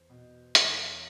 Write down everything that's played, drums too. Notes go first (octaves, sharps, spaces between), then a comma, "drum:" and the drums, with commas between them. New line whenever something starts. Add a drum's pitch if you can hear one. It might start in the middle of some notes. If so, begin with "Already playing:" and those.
Already playing: E2 C5
B2
E2 C#5, drum: hi-hat